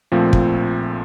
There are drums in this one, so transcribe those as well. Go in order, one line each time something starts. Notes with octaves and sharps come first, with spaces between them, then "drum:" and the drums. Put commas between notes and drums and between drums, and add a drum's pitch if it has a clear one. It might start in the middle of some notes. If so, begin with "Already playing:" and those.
A#1 A#2 F3 A3 C4
drum: kick